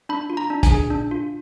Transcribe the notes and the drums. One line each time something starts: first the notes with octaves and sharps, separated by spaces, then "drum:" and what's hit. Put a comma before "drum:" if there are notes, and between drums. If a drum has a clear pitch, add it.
D4 B5
F4
A#5
D4
G#5, drum: kick, hi-hat
G#4
D4
F4